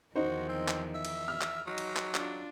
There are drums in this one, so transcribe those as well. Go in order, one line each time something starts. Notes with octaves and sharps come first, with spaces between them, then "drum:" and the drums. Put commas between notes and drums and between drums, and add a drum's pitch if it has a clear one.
E2 D#3 F3 D#4 F#4 C5
C4
drum: clap
E5
drum: cymbal
F6
drum: clap
F#3 D#4
drum: cymbal
drum: clap
D4 F4, drum: clap